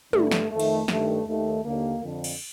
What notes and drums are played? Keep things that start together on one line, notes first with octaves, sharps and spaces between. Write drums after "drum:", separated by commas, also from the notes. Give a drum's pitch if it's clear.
G2 D3 A3, drum: tom
drum: snare
F2 D#3 A3
drum: cymbal
G2 D#3 A3, drum: snare
D#2 D#3 A3
D#2 D3 A#3
F2 D3
drum: cymbal